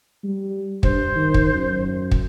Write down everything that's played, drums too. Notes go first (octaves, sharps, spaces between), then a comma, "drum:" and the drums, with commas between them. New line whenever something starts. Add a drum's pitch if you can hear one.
G3
G2 C5, drum: kick
D#3
drum: kick
F#2
drum: kick